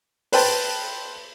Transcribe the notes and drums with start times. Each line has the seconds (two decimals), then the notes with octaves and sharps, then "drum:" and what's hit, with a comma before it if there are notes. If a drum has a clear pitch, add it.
0.32 B4 C5 G5 A5, drum: open hi-hat